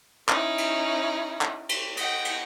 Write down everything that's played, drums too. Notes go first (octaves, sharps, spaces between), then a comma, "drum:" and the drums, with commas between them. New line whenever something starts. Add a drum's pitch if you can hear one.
C#4 D#4 E4, drum: clap
drum: cymbal
drum: clap
drum: cymbal
D#5 F#5 G5, drum: cymbal
drum: cymbal